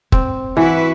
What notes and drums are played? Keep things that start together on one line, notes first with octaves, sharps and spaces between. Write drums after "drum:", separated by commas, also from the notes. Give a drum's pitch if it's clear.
C4, drum: kick
E3 E4 F#4 B4